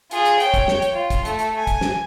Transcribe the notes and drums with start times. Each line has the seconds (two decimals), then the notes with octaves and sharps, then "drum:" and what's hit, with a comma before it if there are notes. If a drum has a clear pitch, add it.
0.11 F4 G#4, drum: hi-hat
0.25 drum: hi-hat
0.40 C#5 G5, drum: hi-hat
0.54 drum: kick, hi-hat
0.68 drum: snare
0.82 drum: hi-hat
0.93 F4
1.10 drum: kick, hi-hat
1.25 A3, drum: hi-hat
1.39 drum: hi-hat
1.57 G#5
1.67 drum: kick, hi-hat
1.81 drum: snare